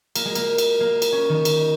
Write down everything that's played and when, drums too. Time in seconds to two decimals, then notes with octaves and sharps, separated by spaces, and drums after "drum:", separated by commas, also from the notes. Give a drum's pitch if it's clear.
0.16 A#3, drum: cymbal
0.25 G#3
0.35 A#3, drum: cymbal
0.58 drum: cymbal
0.80 A#3
1.02 drum: cymbal
1.12 C#4
1.29 D#3
1.45 drum: cymbal